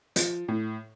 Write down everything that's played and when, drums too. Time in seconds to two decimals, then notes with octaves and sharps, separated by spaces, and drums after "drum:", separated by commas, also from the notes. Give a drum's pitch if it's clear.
0.16 F3, drum: hi-hat
0.48 A2